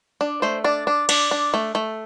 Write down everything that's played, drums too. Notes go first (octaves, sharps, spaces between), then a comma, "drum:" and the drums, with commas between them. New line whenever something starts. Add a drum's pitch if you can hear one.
D4
A3 C5
D4 D5
D4
D4, drum: cymbal
D4
A3
A3